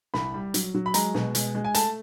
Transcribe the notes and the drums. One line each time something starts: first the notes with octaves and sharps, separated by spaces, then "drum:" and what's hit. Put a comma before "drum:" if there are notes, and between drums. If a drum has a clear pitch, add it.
C2 B5, drum: snare
G3
F#3, drum: hi-hat
F#3
B5
G#3 A#5, drum: hi-hat
B2, drum: snare
G#3, drum: hi-hat
G#3
G#5
A3 A5, drum: hi-hat